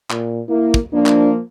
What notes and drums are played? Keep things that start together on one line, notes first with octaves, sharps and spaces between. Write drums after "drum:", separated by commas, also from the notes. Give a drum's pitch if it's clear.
A#2, drum: clap
A#3 E4
drum: kick
F3 A#3 D4
drum: clap